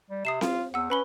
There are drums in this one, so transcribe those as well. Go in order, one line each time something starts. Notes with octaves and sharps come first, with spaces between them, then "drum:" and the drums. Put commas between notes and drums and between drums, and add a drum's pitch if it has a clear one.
G3
C3 D#6 C7 E7
F4, drum: snare C4
E2 F#5 E6
C#4 B4 B5 G7